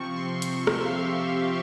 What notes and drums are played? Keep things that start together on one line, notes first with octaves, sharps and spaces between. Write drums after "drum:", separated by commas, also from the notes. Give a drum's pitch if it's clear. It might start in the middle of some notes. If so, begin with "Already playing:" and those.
Already playing: C3 F3 C4 C#6
C3 F3 C4 C6
drum: hi-hat
C3 F3 C4 C#6, drum: rim click
E5
F5
G4
C3 F3 C4 G4
G4